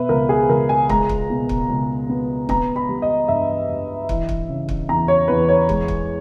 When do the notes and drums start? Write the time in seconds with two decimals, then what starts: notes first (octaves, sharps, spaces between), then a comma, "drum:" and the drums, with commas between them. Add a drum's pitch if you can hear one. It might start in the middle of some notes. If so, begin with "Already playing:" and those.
Already playing: B2 B4 E5
0.09 C#2 A#4
0.29 G#4
0.49 C#2 A#4
0.69 G#5
0.89 G#3 A#5, drum: kick
1.09 drum: kick
1.30 B2
1.49 drum: kick
1.70 C#2
2.09 B3
2.49 B3 A#5, drum: kick
2.76 B5
2.89 G3
3.02 D#5
3.28 G2 E5
3.69 G2
4.09 E3, drum: kick
4.29 drum: kick
4.49 C#3
4.69 drum: kick
4.89 E2 A#5
5.08 C#5
5.28 E2 B4
5.49 C#5
5.69 G#3, drum: kick
5.88 drum: kick